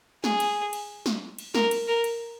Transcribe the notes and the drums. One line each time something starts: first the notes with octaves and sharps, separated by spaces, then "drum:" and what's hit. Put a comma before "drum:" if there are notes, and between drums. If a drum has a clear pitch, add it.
G#4, drum: snare
drum: cymbal
drum: cymbal
drum: snare
drum: cymbal
A#4, drum: snare
drum: cymbal
A#4
drum: cymbal